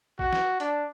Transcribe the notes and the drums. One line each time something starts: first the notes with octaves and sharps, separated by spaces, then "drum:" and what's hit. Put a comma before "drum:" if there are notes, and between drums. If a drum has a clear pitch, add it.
F#4, drum: kick
drum: snare
D4, drum: hi-hat